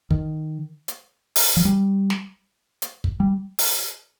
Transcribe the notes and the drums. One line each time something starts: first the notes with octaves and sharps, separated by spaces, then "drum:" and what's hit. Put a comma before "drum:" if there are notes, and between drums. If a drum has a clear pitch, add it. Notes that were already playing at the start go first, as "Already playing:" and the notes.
D#3, drum: kick
drum: hi-hat
drum: open hi-hat
F3
G3
drum: snare
drum: hi-hat
drum: kick
G3
drum: open hi-hat